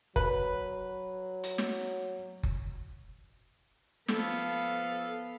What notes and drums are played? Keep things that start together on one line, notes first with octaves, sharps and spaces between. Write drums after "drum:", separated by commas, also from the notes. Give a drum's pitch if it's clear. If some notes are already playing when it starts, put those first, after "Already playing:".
F#3 B4, drum: kick F#1
drum: hi-hat
drum: snare
drum: kick F#1
F3 B3 A4 F5, drum: snare